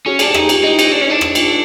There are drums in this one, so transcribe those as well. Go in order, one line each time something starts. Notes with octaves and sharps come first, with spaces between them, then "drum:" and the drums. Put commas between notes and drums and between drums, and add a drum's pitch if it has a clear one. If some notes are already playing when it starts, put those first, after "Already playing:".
C#4 F#4 G#4
D4 G#4, drum: cymbal
G4 A4
D#4, drum: rim click
G#4
F4 G4, drum: cymbal
D#4
E4
D#4, drum: cymbal
D4 D#4
C#4
D#4
D4 E4
drum: rim click
D#4 F4, drum: cymbal